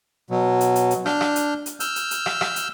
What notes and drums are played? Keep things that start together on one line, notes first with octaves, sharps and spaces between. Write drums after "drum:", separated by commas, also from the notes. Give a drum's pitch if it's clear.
B2 F#3
drum: hi-hat
drum: hi-hat
drum: hi-hat
D4 F6 G6, drum: rim click
drum: rim click
drum: hi-hat
drum: hi-hat
E6 F6 G6, drum: hi-hat
drum: hi-hat
drum: hi-hat
drum: rim click
drum: rim click
drum: hi-hat